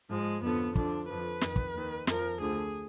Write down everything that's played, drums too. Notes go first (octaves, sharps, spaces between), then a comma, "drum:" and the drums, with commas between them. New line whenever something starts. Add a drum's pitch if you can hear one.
G#2 F3 G#3
F2 D3 F3 B3
F2 D3 F3 D4, drum: kick
F2 D3 F3 B4
F2 D#3, drum: snare
drum: kick
D#2 D#3
F2 F3 A#4, drum: snare
D2 D3 F3 G#4